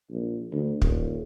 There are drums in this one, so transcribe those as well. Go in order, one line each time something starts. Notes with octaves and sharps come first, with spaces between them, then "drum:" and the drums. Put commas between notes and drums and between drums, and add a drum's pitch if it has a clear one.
A#1
D2
D#1, drum: kick